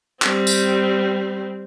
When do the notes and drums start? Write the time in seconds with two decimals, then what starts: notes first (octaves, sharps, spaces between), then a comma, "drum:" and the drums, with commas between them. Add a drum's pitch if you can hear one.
0.22 G3 C4, drum: clap
0.47 drum: tambourine